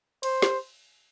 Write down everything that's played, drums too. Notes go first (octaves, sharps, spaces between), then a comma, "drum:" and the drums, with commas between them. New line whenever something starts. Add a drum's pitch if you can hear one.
C5, drum: cymbal
drum: snare